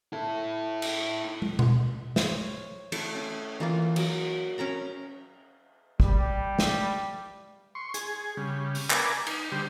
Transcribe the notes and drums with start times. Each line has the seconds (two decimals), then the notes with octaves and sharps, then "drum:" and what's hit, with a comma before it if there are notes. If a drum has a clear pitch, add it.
0.13 E4 A4
0.82 drum: cymbal
1.42 drum: tom
1.59 drum: tom B2
2.16 C5 C#5, drum: snare
2.92 A3 E4, drum: cymbal
3.15 C#4
3.60 E3 A#3 F4
3.96 F#3, drum: cymbal
4.58 C#4 A#4 A#5 B5
6.00 G3, drum: kick
6.59 drum: snare
7.75 C6 C#6
7.94 G#4, drum: hi-hat
8.37 C#3 G3
8.75 drum: open hi-hat
8.90 A#4 B4 G#5 D6, drum: clap
9.27 D#4, drum: cymbal
9.52 D3 G3 G4 C5